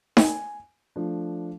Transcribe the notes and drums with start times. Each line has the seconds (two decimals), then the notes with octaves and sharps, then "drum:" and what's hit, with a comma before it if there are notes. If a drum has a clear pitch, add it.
0.17 G5, drum: snare D#4
0.22 G#5
0.96 F3 A3 D4